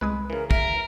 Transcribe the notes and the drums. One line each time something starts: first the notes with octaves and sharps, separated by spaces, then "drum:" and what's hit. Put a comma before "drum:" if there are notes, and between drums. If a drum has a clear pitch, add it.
C2 G#3 B4 D#6
C#3 E3 A#4
A#4 E5, drum: kick